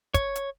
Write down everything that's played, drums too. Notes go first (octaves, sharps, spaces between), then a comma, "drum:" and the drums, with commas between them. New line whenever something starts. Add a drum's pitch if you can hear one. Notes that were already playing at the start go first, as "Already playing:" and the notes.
C#5, drum: kick, hi-hat
drum: hi-hat